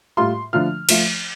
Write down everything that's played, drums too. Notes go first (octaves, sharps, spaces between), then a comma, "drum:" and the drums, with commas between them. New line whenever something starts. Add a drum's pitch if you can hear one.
A2 G3 F4 C6
D3 F3 A3 F4 F6
F3 A3 F4, drum: cymbal